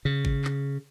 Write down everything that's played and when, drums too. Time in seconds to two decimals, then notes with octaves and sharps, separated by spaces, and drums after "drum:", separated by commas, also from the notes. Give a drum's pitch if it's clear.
0.05 C#3
0.25 drum: kick
0.44 drum: clap